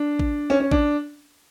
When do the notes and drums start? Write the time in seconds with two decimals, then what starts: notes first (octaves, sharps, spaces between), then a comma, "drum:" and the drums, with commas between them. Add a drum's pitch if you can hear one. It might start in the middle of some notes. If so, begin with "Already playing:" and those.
Already playing: D4
0.19 drum: kick A1
0.50 C#4
0.60 C#4
0.71 D4, drum: kick A1